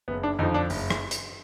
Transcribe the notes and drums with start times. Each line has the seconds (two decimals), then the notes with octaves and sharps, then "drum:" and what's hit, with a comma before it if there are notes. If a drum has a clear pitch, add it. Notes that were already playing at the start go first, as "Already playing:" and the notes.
0.08 F#1 B3
0.23 D4
0.39 F2 D3 F3 D#4
0.54 D4
0.70 F#1, drum: open hi-hat
0.90 drum: rim click
1.11 drum: hi-hat